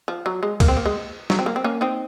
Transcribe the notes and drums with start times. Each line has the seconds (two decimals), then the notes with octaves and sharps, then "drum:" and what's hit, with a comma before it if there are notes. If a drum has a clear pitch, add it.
0.08 F3
0.26 F#3
0.43 G#3
0.60 A#3, drum: kick C#2, cymbal
0.68 C4
0.77 A#3
0.86 G#3
1.30 F#3, drum: snare
1.39 C4
1.46 A#3
1.56 C4
1.64 A#3 C#4
1.81 C4 D#4